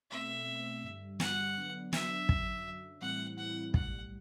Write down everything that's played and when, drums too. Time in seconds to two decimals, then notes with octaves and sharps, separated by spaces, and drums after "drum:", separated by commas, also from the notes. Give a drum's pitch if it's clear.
0.11 B2 A3 C4 E5
0.47 B2 A3 C4
0.84 G2 D3 G3
1.20 G2 D3 G3 F#5, drum: snare
1.56 D3 F#3 B3 D4
1.93 D3 F#3 B3 D4 E5, drum: snare
2.29 F#2 D3 F#3, drum: kick
2.65 F#2 D3 F#3
3.01 A2 E3 G3 C4 E4 F#5
3.38 A2 E3 G3 C4 E4 F#5
3.74 B1 A2 G3 F#5, drum: kick